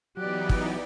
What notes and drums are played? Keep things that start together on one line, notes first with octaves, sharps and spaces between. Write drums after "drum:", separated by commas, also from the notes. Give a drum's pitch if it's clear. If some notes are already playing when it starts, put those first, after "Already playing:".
E3 F#3 B3 D#4 G4 D5 F#6
drum: kick